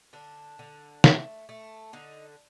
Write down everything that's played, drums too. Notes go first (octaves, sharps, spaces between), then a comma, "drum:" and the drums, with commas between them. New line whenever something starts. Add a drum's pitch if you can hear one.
D3 D4
D3
A3, drum: snare
A3
D3 D#4